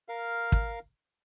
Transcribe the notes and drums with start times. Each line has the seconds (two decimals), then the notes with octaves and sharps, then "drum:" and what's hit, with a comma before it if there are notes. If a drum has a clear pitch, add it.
0.09 A#4 F5
0.52 drum: kick